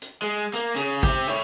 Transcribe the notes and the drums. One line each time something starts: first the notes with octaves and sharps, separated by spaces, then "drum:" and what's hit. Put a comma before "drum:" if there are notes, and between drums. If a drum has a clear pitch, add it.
drum: hi-hat
G#3
A#3, drum: hi-hat
C#3, drum: hi-hat
C4 G4, drum: kick, hi-hat
E4 C#5